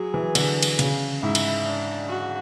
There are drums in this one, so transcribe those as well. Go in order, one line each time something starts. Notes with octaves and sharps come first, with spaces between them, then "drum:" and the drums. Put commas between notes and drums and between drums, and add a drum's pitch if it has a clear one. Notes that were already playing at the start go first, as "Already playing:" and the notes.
Already playing: F#3 G#4
E3
D3, drum: cymbal
drum: cymbal
C#3, drum: hi-hat
G#2 E4
drum: cymbal
D4
F#4